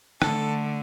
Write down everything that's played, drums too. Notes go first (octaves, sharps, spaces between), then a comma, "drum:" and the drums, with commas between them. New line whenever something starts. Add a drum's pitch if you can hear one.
D3 A3 A4, drum: rim click